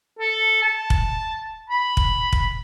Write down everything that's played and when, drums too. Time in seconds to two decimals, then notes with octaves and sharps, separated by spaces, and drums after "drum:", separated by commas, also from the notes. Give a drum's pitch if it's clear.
0.19 A4
0.62 A5
0.90 drum: kick
1.69 B5
1.97 drum: kick
2.33 drum: kick